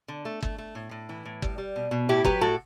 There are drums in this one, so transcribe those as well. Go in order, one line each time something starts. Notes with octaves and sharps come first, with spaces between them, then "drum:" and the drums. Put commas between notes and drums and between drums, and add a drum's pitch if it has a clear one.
D3
A3
A3, drum: kick
A3
A2
A2
E3
A2
G3, drum: kick
G3
B2
B2
A2 E4 G4
F#3 G4 B4, drum: kick
A2 F#4 A4